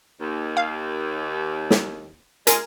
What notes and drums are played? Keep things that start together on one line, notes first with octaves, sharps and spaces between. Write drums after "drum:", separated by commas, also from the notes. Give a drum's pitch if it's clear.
D#2
F5
drum: snare
G#3 F4 A#4 G#5 A#6, drum: hi-hat